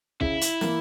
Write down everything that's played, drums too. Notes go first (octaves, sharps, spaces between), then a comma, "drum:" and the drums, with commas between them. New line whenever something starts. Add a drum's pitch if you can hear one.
C#3 E4, drum: kick
drum: hi-hat
E3 A#3, drum: snare